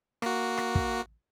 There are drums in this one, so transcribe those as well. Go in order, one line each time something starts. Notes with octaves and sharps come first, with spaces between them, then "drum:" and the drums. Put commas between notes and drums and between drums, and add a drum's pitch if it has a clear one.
A#3 F#4, drum: rim click
drum: rim click
drum: kick